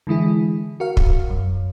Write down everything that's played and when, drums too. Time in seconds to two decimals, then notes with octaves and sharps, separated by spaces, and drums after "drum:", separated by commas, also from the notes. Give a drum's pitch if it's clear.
0.07 D3 E3 G#3 E4 G#4
0.80 F#4 A#4 F5
0.97 drum: kick
1.30 F#2